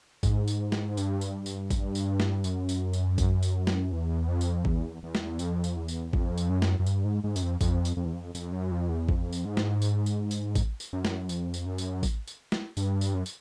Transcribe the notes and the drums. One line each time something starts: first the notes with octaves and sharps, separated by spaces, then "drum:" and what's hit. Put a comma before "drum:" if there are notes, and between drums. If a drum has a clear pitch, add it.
G#2, drum: kick A1, tambourine
drum: tambourine
drum: snare
G2, drum: tambourine
drum: tambourine
drum: tambourine
drum: kick A1, tambourine
drum: tambourine
drum: snare
F#2, drum: tambourine
drum: tambourine
drum: tambourine
drum: kick A1, tambourine
drum: tambourine
drum: snare
E2
F2
drum: tambourine
E2, drum: kick A1
E2
drum: snare
F2, drum: tambourine
drum: tambourine
E2
drum: tambourine
F2, drum: kick A1
drum: tambourine
F#2
drum: snare
F#2
G2, drum: tambourine
G#2
G#2
F#2, drum: tambourine
F2
F2, drum: kick A1, tambourine
drum: tambourine
F2
E2
F2
F2, drum: tambourine
F#2
F2
E2
F2, drum: kick A1
drum: tambourine
G#2
drum: snare
drum: tambourine
drum: tambourine
drum: tambourine
drum: kick A1, tambourine
drum: tambourine
F#2
drum: snare
F2, drum: tambourine
drum: tambourine
F#2
drum: tambourine
drum: kick A1, tambourine
drum: tambourine
drum: snare
G2, drum: tambourine
drum: tambourine
F#2
drum: tambourine